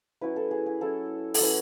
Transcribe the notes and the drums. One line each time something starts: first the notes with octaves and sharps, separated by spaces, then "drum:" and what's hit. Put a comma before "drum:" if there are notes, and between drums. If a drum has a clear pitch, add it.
F#3 C#4 E4 B4
A4
G#4
G#4
F#3 C#4 E4 A4
A4, drum: open hi-hat
F#3 C#4 E4 B4